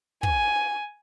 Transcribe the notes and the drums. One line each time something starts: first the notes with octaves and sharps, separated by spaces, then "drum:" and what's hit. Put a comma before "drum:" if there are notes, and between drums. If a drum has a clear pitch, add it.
G#5, drum: kick